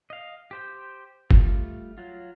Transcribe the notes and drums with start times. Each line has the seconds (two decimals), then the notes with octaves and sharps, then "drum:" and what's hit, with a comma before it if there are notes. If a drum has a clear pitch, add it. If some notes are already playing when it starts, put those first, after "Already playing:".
0.10 D#5 F5
0.51 G4 C5 G5
1.31 G3 A3 F4, drum: kick
1.98 F#3 F4